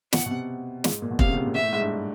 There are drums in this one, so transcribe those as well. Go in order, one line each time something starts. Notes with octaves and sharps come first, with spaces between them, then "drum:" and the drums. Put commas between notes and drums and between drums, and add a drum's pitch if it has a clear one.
B2 F#5, drum: snare
B2
C3
G#2, drum: snare
A#2
B2
C3 F5, drum: kick
C#3
B2
C3
A#2
B2 E5
A2
G#2
G2